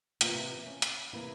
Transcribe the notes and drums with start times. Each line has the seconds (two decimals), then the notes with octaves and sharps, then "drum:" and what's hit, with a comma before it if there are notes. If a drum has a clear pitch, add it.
0.21 C3 E3 A#3 F4, drum: hi-hat
0.35 E4
0.48 F4
0.66 C#4
0.82 drum: hi-hat
1.13 C3 E3 A#3 E4